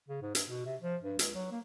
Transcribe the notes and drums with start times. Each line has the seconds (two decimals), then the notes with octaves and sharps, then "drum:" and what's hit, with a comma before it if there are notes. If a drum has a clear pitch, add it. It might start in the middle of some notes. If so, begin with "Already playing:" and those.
0.08 C#3
0.22 G#2
0.35 G2, drum: hi-hat
0.48 B2
0.65 C3
0.81 F3
1.02 G2
1.19 C#2, drum: hi-hat
1.35 F#3
1.51 A#3